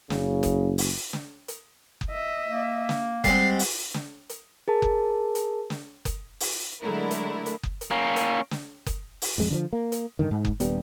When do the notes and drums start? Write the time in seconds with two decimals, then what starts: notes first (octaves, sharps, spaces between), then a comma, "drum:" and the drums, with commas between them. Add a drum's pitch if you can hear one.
0.10 F#1 C#3, drum: snare
0.43 drum: kick F#1, hi-hat
0.78 drum: open hi-hat
1.13 drum: snare
1.48 drum: hi-hat
2.01 drum: kick F#1
2.10 D#5 E5
2.48 A#3
2.89 drum: snare
3.24 G3 G#3 C4 F#5 C7, drum: kick F#1, hi-hat
3.59 drum: open hi-hat
3.94 drum: snare
4.29 drum: hi-hat
4.68 G#4 A#4 A5
4.82 drum: kick F#1
5.35 drum: hi-hat
5.70 drum: snare
6.05 drum: kick F#1, hi-hat
6.40 drum: open hi-hat
6.81 D3 F#3 G#3 A3 E4 A#4
7.11 drum: hi-hat
7.46 drum: hi-hat
7.63 drum: kick F#1
7.81 drum: hi-hat
7.91 A#3 C#4
8.16 drum: hi-hat
8.51 drum: snare
8.86 drum: kick F#1, hi-hat
9.22 drum: open hi-hat
9.38 A1 F2 G#3
9.50 D3 E3 F3
9.73 A#3
9.92 drum: hi-hat
10.19 G2 D3 D#3
10.31 G#2
10.45 drum: kick F#1
10.60 D#1 G2 G3 B3, drum: hi-hat